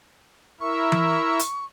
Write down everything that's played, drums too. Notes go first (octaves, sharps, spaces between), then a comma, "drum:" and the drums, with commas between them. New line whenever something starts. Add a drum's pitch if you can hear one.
E4 A#4 E5 C#6
drum: tom E3
drum: hi-hat